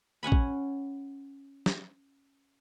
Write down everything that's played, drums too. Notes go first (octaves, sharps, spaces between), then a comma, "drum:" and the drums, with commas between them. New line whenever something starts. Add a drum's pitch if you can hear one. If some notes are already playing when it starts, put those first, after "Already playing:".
C#4 F#5 G#5 B5
drum: kick A1
drum: snare